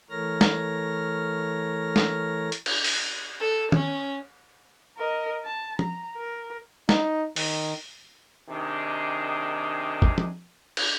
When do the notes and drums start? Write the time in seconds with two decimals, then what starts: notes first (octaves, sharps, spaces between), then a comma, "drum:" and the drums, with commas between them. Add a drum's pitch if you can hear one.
0.10 E3 A3 A#4 C#5 F6 A#6
0.41 drum: snare
1.96 drum: snare
2.52 drum: hi-hat
2.66 drum: cymbal
2.84 drum: open hi-hat
3.40 A4
3.72 C#4, drum: tom
4.97 A#4 D#5
5.45 A5
5.79 A#5, drum: tom
6.16 A#4
6.89 D#4, drum: snare
7.36 D#3, drum: open hi-hat
8.49 C3 D#3 D4 D#4 G#4
10.02 drum: kick G1
10.18 drum: tom
10.77 drum: cymbal